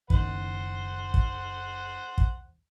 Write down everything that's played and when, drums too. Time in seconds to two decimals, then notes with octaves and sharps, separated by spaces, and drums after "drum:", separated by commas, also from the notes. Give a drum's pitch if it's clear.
0.10 F#1 D#3 C5 F#5, drum: kick
1.14 drum: kick
2.18 drum: kick